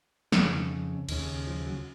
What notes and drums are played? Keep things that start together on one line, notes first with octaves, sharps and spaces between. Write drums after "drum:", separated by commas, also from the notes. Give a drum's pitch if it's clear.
C#3, drum: snare
F2
D#3
D#2 C#3, drum: cymbal
F3
F#3